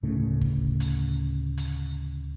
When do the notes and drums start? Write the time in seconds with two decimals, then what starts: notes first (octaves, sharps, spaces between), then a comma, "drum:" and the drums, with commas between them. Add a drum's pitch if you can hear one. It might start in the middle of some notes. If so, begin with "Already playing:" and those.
0.03 D2 A2 C#3 A3
0.41 drum: kick
0.80 drum: hi-hat
1.57 drum: hi-hat